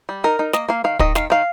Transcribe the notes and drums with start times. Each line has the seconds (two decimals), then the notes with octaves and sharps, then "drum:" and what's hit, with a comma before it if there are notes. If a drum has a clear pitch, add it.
0.09 G3
0.24 D#4 A#4
0.39 D#4
0.53 A#3 D#5, drum: snare
0.69 A#3 F5
0.84 D#3 F5
0.99 D#3 D#5, drum: kick
1.15 D#3 F5, drum: snare
1.30 D#3 F5